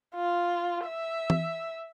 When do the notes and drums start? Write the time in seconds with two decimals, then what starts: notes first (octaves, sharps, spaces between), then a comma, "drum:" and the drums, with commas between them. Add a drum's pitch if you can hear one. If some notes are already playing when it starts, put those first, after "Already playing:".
0.15 F4
0.86 E5
1.30 drum: tom E3